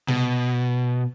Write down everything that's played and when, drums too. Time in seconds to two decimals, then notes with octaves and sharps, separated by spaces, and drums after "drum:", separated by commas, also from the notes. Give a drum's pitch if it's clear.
0.08 B2, drum: tom C3